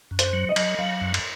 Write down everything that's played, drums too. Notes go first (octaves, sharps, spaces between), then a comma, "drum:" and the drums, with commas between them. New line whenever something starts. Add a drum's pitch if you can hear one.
F#2
C5, drum: hi-hat
F#3
D#5
F#3, drum: cymbal
F#3 F5
F#2
drum: cymbal